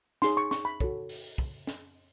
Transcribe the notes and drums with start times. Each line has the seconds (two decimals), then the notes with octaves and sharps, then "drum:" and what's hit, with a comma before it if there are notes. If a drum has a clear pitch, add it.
0.22 D#4 G#4 C#5 C6, drum: snare
0.37 C#6
0.51 C#6, drum: snare
0.65 B5
0.80 F#4 A4 C#5, drum: kick
1.09 drum: open hi-hat
1.38 drum: kick
1.67 drum: snare